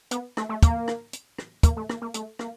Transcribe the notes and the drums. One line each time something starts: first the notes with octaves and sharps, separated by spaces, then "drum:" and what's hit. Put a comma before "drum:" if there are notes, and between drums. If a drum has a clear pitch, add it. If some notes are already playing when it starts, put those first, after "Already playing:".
B3, drum: hi-hat
A3, drum: rim click
A3
A#3, drum: kick, hi-hat
drum: rim click
drum: hi-hat
drum: rim click
A#3, drum: kick, hi-hat
A3
A#3, drum: rim click
A#3
A3, drum: hi-hat
A#3, drum: rim click